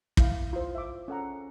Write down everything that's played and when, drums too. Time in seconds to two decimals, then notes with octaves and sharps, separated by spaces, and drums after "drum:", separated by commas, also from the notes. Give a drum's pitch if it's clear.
0.17 E4 F5, drum: kick
0.53 F4 C5
0.75 E5 D6
1.08 C#4 A4 F#5 A#5